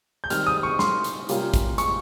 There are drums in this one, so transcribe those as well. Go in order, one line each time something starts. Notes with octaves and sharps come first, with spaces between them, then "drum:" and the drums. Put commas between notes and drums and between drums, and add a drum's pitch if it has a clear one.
G6
D#3 G3 C4 F6, drum: hi-hat
D#6
C#6
C6, drum: snare
drum: hi-hat
C3 G3 A#3 C#4 F4, drum: hi-hat
drum: kick A1, hi-hat
C#6, drum: hi-hat